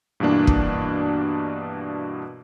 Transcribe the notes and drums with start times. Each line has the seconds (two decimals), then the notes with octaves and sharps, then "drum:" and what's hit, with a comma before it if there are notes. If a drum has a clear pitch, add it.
0.20 G2 B2 E3 A#3 D4
0.47 drum: kick